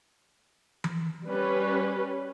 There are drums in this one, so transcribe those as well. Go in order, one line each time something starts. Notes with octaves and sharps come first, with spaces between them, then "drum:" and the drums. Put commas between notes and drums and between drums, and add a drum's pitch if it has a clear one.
drum: tom E3
G3 C#4 B4